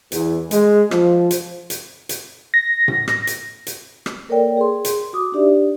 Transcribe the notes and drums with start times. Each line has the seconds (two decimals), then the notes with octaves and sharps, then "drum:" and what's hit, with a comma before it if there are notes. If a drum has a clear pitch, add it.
0.12 E2, drum: hi-hat
0.51 G#3, drum: hi-hat
0.91 F3, drum: rim click
1.31 drum: hi-hat
1.70 drum: hi-hat
2.09 drum: hi-hat
2.54 A#6
2.88 drum: tom A2
3.08 drum: rim click
3.27 drum: hi-hat
3.67 drum: hi-hat
4.06 drum: rim click
4.28 A#3 A4 A#4 C#5 D5 G5
4.57 G#4 C6
4.85 drum: hi-hat
5.13 F#4 D6 D#6
5.32 D4 D#4 G4 D5 E5